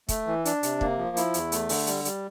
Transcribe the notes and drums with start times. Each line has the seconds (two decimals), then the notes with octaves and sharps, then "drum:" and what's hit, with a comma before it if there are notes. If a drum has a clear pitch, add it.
0.09 A3, drum: kick, hi-hat
0.27 E3
0.45 D4, drum: hi-hat
0.63 C3, drum: hi-hat
0.81 A#3, drum: kick
0.98 F3
1.17 E4, drum: hi-hat
1.34 E2, drum: hi-hat
1.52 A3, drum: hi-hat
1.69 D3, drum: open hi-hat
1.87 G3, drum: hi-hat
2.05 G3, drum: hi-hat